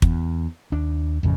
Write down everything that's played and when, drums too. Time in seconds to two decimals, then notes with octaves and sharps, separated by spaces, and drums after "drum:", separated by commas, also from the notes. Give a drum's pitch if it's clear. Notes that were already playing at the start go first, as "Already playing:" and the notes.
0.02 E2, drum: kick
0.72 D#2 D4
1.23 A1 F2 C#3